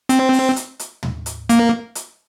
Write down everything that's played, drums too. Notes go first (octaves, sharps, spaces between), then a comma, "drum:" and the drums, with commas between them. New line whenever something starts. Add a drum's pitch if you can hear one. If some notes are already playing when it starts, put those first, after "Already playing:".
C4, drum: hi-hat
drum: open hi-hat
drum: hi-hat
drum: hi-hat
drum: tom
drum: hi-hat
A#3, drum: hi-hat
drum: hi-hat